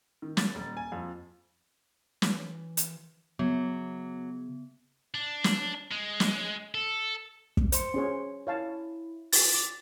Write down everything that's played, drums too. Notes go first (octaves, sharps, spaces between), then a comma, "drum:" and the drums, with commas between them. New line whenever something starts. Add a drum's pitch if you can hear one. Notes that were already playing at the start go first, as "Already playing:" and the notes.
D#3
A6, drum: snare
D#1
G#5
F2
E3, drum: snare
drum: hi-hat
C#3 F#3 B3
D4
drum: snare
G#3
drum: snare
A4
drum: kick
C5 C6 C#7, drum: hi-hat
C#4 G#4 C#5
E4 C#5 F5 A5
A6, drum: open hi-hat
D6